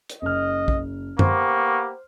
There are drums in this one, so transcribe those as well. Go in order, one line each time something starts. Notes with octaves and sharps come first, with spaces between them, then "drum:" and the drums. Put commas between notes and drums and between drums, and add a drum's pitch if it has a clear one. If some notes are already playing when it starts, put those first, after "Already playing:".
drum: hi-hat
F#1 D#5 F6
drum: kick
A#3 B3 G4 C5 C6 C#6, drum: tom F#2